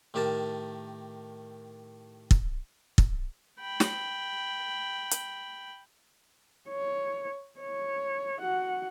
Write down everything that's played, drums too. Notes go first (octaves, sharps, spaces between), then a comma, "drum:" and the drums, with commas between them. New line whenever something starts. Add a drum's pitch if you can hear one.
A2 D#3 G4 A#4 A5
drum: kick
drum: kick
G5 B5
drum: snare
drum: hi-hat
C#5
C#5
F#4 F#5